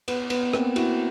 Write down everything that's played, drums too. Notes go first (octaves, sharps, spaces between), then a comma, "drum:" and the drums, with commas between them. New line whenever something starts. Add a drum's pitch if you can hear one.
B3, drum: cymbal
B3, drum: cymbal
A#3 C4, drum: rim click
E4 F#4, drum: cymbal